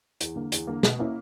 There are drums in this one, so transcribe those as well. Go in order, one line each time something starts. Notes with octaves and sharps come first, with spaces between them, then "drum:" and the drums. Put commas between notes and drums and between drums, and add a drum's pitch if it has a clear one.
E2, drum: hi-hat
D3 A#3
E2, drum: hi-hat
D3 A#3
B2, drum: snare
A#3 C#4 E4